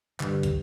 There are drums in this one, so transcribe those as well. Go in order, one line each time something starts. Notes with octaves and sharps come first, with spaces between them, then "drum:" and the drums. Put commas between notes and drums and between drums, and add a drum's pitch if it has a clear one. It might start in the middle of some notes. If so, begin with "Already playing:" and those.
G2 D3, drum: clap
drum: kick, hi-hat